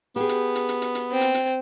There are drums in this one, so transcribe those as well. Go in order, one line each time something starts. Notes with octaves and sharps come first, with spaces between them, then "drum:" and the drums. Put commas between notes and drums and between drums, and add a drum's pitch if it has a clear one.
B3 G4 G#4
drum: hi-hat
drum: hi-hat
drum: hi-hat
drum: hi-hat
drum: hi-hat
C4
drum: hi-hat
drum: hi-hat